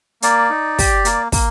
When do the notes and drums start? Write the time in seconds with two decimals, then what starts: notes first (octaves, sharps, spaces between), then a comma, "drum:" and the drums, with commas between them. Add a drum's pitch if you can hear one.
0.22 A#3 D5, drum: hi-hat
0.50 D#4
0.79 G4, drum: kick, open hi-hat
1.05 A#3, drum: hi-hat
1.32 A#3, drum: kick, open hi-hat